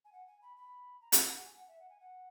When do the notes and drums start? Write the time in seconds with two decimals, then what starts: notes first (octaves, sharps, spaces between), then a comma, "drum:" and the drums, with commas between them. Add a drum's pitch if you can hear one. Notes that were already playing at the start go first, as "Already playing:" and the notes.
0.05 G#5
0.13 F#5
0.27 G#5
0.42 B5
0.57 B5
1.01 A#5
1.12 G#5, drum: hi-hat
1.24 F#5
1.35 F#5
1.45 G#5
1.57 F#5
1.68 E5
1.79 F#5
1.90 G#5
2.00 F#5